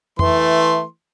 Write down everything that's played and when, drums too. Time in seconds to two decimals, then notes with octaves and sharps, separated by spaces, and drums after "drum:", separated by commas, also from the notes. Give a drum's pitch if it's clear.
0.19 E3 A3 C6, drum: tom F2